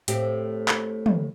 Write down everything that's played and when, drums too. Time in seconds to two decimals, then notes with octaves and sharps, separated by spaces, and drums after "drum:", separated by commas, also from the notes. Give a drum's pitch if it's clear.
0.08 A2 C4 G4, drum: hi-hat
0.69 drum: clap
1.06 drum: tom